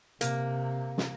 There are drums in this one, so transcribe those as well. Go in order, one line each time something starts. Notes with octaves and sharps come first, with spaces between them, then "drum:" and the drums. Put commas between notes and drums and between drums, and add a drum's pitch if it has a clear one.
C3 A#3, drum: hi-hat
drum: snare